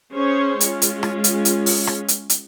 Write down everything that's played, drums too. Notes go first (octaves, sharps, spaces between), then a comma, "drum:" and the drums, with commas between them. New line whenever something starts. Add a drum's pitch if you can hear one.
C#4 G#4 C5 C#5
G#3 C#4 F4, drum: hi-hat
drum: hi-hat
drum: rim click
drum: hi-hat
drum: hi-hat
drum: open hi-hat
drum: rim click
drum: hi-hat
drum: hi-hat